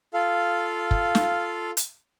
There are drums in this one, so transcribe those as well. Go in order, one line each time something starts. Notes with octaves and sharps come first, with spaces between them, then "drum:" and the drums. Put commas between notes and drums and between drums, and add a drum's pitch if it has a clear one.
F4 A4 F5
drum: kick
drum: snare
drum: hi-hat